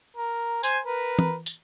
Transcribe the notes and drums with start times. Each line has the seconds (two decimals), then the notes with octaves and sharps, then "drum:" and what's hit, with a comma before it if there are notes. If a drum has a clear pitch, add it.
0.17 A#4
0.63 C5 G#5, drum: tambourine
0.84 A#4 B4
1.19 drum: tom E3
1.46 drum: tambourine